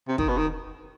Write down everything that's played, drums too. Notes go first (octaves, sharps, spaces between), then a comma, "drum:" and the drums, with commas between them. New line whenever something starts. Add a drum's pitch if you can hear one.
C3
D#3, drum: kick
B2
D#3